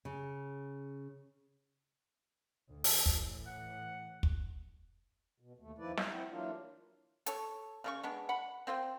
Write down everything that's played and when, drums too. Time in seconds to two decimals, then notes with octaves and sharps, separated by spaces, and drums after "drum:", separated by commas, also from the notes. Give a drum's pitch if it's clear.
0.05 C#3
2.69 D2
2.84 drum: open hi-hat
3.06 A2 E3, drum: kick
3.46 F#5
4.23 drum: kick
5.40 B2
5.59 D#2 A3
5.78 E2 D#3 F3 E4 B4 D5
5.97 E5, drum: snare
6.12 C4 E4 F#5 G5
6.30 E3 F#3 A#3 D4 F4
7.26 A4 C#5, drum: hi-hat
7.84 C#3 E4 C#6
8.03 G#3 B3 D4
8.29 F#5 B5
8.67 C4 F4 C5 G5